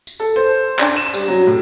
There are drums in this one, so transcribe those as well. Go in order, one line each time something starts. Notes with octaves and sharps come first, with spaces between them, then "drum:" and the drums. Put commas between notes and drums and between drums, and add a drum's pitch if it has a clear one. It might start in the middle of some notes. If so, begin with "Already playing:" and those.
drum: tambourine
A4
C5
D4, drum: clap
E7
G3, drum: tambourine
F#3
A2